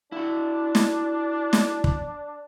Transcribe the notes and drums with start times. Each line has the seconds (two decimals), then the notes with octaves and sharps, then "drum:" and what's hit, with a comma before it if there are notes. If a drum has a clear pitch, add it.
0.12 D4 E4 F#4
0.75 drum: snare
1.53 drum: snare
1.84 drum: kick